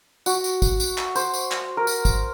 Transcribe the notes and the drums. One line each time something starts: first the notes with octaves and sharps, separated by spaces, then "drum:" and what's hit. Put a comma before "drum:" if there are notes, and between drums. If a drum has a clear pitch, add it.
F#4, drum: tambourine
drum: tambourine
drum: kick, tambourine
drum: tambourine
drum: clap
C5, drum: tambourine
drum: tambourine
drum: clap
A#4
drum: tambourine
drum: kick, tambourine